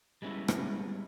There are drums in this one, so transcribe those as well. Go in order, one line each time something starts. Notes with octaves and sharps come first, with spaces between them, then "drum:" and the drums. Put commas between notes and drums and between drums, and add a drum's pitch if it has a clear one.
G3 G#3 B3 C#4 E4
drum: rim click